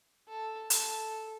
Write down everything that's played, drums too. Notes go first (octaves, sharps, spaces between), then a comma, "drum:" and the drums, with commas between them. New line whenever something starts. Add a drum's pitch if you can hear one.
A4
A4, drum: hi-hat